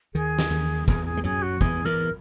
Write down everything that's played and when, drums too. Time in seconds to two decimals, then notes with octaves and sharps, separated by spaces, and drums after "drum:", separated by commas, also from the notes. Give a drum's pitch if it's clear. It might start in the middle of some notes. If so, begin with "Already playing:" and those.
0.14 D#2 D#3 G#4
0.39 drum: snare
0.50 D#2 D#3
0.88 E2 E3 G#4, drum: kick
1.05 G#4
1.17 G#3
1.24 F#2 F#3 G#4
1.42 F#4
1.61 E2 E3 G#4, drum: kick
1.85 E2 E3 A#4